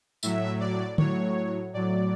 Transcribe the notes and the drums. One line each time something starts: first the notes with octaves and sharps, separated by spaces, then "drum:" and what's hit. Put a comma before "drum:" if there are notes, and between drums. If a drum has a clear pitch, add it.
A2 F#3 E5, drum: tambourine
D5
A2 F#3 C#5, drum: tom D3
A2 F#3 D5